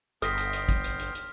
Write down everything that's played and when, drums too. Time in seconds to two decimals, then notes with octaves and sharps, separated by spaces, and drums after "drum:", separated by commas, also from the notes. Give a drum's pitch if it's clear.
0.22 G1 B3 A4 G5 C6 F6 A#6 B6, drum: hi-hat
0.38 drum: hi-hat
0.53 drum: hi-hat
0.69 drum: kick, hi-hat
0.84 drum: hi-hat
1.00 drum: hi-hat
1.15 drum: hi-hat